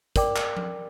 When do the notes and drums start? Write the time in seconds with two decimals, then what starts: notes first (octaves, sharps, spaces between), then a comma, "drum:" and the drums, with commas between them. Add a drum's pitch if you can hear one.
0.16 A#4 D5 G5 D6, drum: kick, hi-hat
0.36 drum: clap
0.57 drum: tom F3